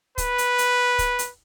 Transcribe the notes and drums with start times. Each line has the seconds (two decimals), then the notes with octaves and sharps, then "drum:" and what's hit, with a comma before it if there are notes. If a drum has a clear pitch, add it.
0.18 B4, drum: kick, hi-hat
0.38 drum: hi-hat
0.58 drum: hi-hat
0.99 drum: kick, hi-hat
1.19 drum: hi-hat